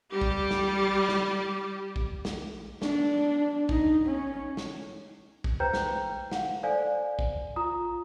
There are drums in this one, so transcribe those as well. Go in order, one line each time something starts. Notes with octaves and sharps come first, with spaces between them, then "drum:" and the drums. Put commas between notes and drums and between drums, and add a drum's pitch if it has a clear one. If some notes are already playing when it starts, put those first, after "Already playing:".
G3 G4
drum: kick A1
drum: snare
drum: snare
drum: kick A1
drum: snare
D4, drum: snare
D#4, drum: kick A1
C#4
drum: snare
drum: kick A1
B4 C5 G5 A#5 G6
drum: snare
F5 F#5, drum: snare
A4 C5 D5 F5 G#5
drum: kick A1
F4 A#5 D#6